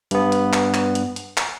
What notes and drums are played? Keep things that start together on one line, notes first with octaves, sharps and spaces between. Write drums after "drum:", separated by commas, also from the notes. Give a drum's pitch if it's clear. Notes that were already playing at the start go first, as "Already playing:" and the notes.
G2 B3, drum: hi-hat
drum: hi-hat
drum: clap
drum: clap
drum: hi-hat
drum: hi-hat
drum: clap